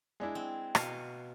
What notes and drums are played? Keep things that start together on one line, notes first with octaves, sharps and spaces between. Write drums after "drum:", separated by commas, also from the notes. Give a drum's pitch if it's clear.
G#3 D4 E4
C4
B2 F5, drum: rim click